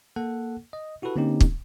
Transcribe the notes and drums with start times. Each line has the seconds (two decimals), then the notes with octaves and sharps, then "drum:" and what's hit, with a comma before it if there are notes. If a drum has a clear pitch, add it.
0.16 A#3 A4 F#5
0.73 D#5
1.02 E4 F#4 G4 A4 B4
1.16 D3 A#3 C4 C#4 D#4 G4
1.41 drum: kick